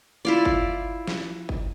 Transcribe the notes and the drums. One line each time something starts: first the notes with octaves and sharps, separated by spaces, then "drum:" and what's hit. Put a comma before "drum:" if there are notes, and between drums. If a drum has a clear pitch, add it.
E4 F4 D5
drum: kick G1
drum: snare
drum: kick G1